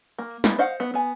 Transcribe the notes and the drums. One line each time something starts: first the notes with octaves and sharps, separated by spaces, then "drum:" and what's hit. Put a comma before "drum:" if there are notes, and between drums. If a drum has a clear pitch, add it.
A#3
G3 B3 E4 F5, drum: snare
C5 D#5 F5 F#5
B3
B3 G#5